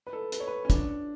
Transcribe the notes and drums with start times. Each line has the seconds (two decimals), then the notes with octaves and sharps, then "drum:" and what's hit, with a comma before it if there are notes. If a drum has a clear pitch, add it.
0.07 B4
0.13 A4
0.32 B4, drum: hi-hat
0.40 C#5
0.47 B4
0.65 C#4
0.70 D4, drum: kick, hi-hat